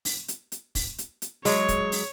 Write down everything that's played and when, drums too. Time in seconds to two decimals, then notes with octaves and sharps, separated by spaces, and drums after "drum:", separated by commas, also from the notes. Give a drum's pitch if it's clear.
0.05 drum: open hi-hat
0.28 drum: hi-hat
0.52 drum: hi-hat
0.75 drum: kick, open hi-hat
0.98 drum: hi-hat
1.22 drum: hi-hat
1.45 F#3 G#3 C#5, drum: open hi-hat
1.68 drum: kick, hi-hat
1.92 drum: open hi-hat